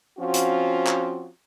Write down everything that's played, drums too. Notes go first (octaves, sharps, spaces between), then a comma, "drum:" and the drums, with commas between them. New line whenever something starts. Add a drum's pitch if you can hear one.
F3 C4 C#4 F4 F#4
drum: hi-hat
drum: clap